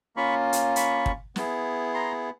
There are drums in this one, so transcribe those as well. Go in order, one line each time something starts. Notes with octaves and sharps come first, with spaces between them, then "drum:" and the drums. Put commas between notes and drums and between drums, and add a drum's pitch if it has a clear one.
A#3 C#4 F4 B5 C#6
drum: hi-hat
B5 C#6, drum: hi-hat
drum: kick
B3 E4 G#4, drum: snare
A#5 C6